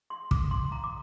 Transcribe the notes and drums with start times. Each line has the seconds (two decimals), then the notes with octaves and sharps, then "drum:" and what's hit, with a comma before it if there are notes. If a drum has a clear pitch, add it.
0.10 C6
0.31 D6, drum: kick
0.51 C6
0.72 A#5
0.84 D6